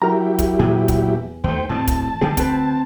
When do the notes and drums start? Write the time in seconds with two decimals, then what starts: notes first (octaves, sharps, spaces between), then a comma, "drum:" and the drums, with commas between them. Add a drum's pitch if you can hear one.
0.02 F#3 E4 G4 A#4 A#5
0.39 drum: kick, hi-hat
0.59 E2 A#2 G#4
0.88 drum: kick, hi-hat
1.44 D#2 A3 C5 G5
1.69 A2 B3 C4 A5
1.87 drum: kick, hi-hat
2.21 D3 G3 B3 G#4 G5
2.37 D2 C4 B4, drum: kick, hi-hat